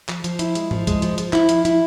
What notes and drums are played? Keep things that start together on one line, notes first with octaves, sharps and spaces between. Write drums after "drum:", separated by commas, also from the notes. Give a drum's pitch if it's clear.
F3, drum: clap
F3, drum: hi-hat
E4, drum: hi-hat
G#3, drum: hi-hat
F3, drum: tom G#2
G#3, drum: kick, hi-hat
F3, drum: hi-hat
F3, drum: hi-hat
E4, drum: clap
F3, drum: hi-hat
E4, drum: hi-hat